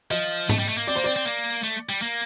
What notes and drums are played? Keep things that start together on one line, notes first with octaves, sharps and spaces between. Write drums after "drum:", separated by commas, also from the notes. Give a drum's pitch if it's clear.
F3 D#5
A3, drum: tom G#2
G3
A3
A#3
C4 D5
A#3 C5
C4 D5
C4
A#3
A3
G3
A#3